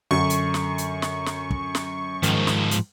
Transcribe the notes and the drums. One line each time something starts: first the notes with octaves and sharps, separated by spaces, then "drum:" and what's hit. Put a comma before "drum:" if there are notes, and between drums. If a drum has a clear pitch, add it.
F#2 D3 C#6
drum: hi-hat
drum: snare
drum: hi-hat
drum: snare
drum: snare
drum: kick
drum: snare
G#2 D#3 F3, drum: hi-hat
drum: snare
drum: hi-hat